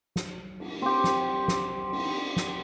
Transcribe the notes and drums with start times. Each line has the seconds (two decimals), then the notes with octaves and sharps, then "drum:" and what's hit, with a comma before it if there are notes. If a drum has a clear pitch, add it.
0.16 drum: snare
0.60 drum: cymbal
0.82 C4 G4
1.04 drum: snare
1.48 drum: snare
1.92 drum: cymbal
2.36 drum: snare